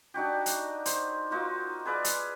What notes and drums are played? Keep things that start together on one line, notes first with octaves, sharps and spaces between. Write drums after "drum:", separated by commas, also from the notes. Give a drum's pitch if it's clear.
D4 D#4 F#4 G4
drum: hi-hat
C5, drum: hi-hat
A#3 D#4 F4 F#4
G#4 B4 D5 F5
drum: hi-hat